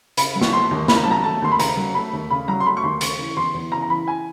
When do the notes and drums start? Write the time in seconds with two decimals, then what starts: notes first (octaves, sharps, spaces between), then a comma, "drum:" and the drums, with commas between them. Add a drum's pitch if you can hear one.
0.17 C#3 B5, drum: hi-hat
0.36 F#3
0.41 C#6, drum: snare
0.53 A3 C6
0.71 D#2
0.88 C#3 B5, drum: snare
0.96 A#5
1.04 A5
1.06 F#3 A#5
1.24 A3 A5
1.42 D#2 C6
1.52 B5
1.59 C#3 A#5, drum: hi-hat
1.77 F#3
1.94 A3 B5
2.13 D#2
2.30 C#3 B5
2.48 F#3 A#5
2.60 C6
2.65 A3 B5
2.77 C#6
2.83 D#2 C6
3.01 C#3 C#6, drum: hi-hat
3.19 E3
3.36 E2 C6
3.54 E2
3.72 C#3 A#5
3.82 A#5
3.90 E3 B5
4.08 G#5